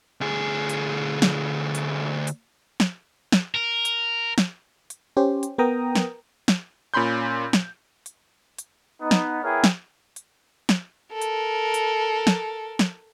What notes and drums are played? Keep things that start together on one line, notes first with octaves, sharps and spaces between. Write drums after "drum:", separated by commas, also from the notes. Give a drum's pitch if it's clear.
D2 G#4
drum: hi-hat
drum: snare
drum: hi-hat
drum: hi-hat
drum: snare
drum: snare
A#4
drum: hi-hat
drum: snare
drum: hi-hat
C#4 G4 C5
drum: hi-hat
B3 A#4 G5 A#5 D#6
drum: snare
drum: snare
A#2 C#4 B5 C6 G6
drum: snare
drum: hi-hat
drum: hi-hat
B3 D#4
drum: snare
B3 E4 G#4 A#4 C#5 G5
drum: snare
drum: hi-hat
drum: snare
A4 A#4
drum: hi-hat
drum: hi-hat
drum: snare
drum: snare